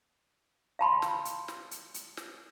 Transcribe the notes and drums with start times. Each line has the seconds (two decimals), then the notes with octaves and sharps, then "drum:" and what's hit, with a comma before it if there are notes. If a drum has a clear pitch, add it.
0.79 F5 A5 B5 C6
1.02 drum: snare
1.25 drum: hi-hat
1.48 drum: snare
1.71 drum: hi-hat
1.94 drum: hi-hat
2.17 drum: snare